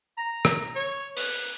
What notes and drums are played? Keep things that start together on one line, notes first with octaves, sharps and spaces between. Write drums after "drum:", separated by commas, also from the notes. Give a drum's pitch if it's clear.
A#5
drum: rim click
C#5
B4, drum: open hi-hat